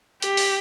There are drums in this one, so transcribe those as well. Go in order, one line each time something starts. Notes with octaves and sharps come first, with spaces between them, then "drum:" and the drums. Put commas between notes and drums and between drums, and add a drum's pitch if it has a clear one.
G4, drum: hi-hat
drum: open hi-hat